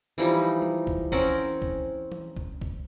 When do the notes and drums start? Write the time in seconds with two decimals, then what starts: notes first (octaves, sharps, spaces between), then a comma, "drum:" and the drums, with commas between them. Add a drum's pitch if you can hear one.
0.18 E3 F3 G3 D#4
0.62 drum: tom F#3
0.87 drum: kick
1.12 C4 C#4 A#4 F#5, drum: kick
1.62 drum: kick
2.12 drum: tom E3
2.37 drum: kick
2.61 drum: kick